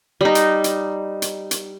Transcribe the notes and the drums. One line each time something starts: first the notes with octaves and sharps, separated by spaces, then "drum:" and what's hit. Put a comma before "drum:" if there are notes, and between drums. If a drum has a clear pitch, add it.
G3 D#4
drum: hi-hat
drum: hi-hat
drum: hi-hat
drum: hi-hat